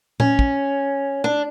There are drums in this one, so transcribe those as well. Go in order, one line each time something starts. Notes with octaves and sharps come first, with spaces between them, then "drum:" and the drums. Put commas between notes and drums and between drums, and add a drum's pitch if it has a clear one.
C#4, drum: tom A#2
drum: kick
D4